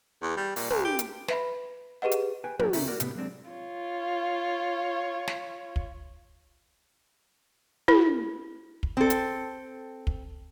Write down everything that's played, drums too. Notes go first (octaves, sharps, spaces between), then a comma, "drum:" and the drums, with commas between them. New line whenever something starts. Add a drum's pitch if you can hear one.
E2
G3
A#2, drum: open hi-hat
C#2, drum: tom
G4
drum: hi-hat
B4 E5 B5, drum: snare
G4 G#4 B4 D#5 F#5
drum: hi-hat
B4 G5 G#5
F#3 A#3 D4 F4 G4 A#4, drum: tom
C2 C#3 C4 A4 E5 A#5, drum: open hi-hat
F#4 A#4 D5
A2 C3 B3, drum: hi-hat
F#3 G#3 C4 D4
F4 C#5
drum: snare
drum: kick
E4, drum: tom
drum: kick
C4 A4
drum: hi-hat
drum: kick